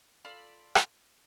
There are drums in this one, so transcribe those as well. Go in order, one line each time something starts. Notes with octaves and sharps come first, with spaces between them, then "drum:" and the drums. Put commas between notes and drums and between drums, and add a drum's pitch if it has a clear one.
F4 A4 D5 B5
drum: rim click